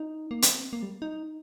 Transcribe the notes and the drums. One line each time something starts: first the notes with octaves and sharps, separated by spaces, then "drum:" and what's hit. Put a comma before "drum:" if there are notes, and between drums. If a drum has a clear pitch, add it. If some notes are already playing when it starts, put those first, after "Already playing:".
Already playing: D#4
A#3
C4, drum: hi-hat
A#3
G3
D#4